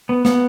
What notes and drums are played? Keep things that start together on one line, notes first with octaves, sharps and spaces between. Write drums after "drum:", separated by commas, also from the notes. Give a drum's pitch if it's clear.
B3
B3, drum: snare